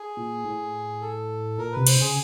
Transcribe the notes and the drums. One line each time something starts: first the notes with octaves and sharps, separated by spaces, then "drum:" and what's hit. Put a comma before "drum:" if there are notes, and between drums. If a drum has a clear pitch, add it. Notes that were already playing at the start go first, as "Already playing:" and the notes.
Already playing: G#4
A#2
A2
A4
A#2 A#4
C3 B4
C5, drum: cymbal
C#3 G#4